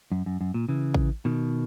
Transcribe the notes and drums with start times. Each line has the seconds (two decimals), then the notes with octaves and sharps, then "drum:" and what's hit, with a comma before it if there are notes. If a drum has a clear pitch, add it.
0.12 F#2
0.26 F#2
0.41 F#2
0.54 A#2
0.69 C#3 E3
0.94 drum: kick A1
1.25 B2 D#3